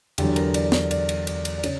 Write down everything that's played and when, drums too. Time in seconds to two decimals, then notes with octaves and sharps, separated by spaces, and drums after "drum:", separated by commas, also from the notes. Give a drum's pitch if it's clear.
0.18 E2 D3 F#3 G4, drum: cymbal
0.36 A#4, drum: cymbal
0.54 D5, drum: cymbal
0.72 D5, drum: snare
0.91 D5, drum: cymbal
1.09 drum: cymbal
1.27 D5, drum: cymbal
1.45 drum: cymbal
1.58 D5
1.63 C#3 C#5, drum: cymbal